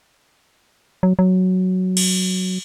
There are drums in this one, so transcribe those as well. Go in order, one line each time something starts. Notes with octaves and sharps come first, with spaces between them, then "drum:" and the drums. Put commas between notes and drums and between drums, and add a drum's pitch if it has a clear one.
F#3
F#3
drum: cymbal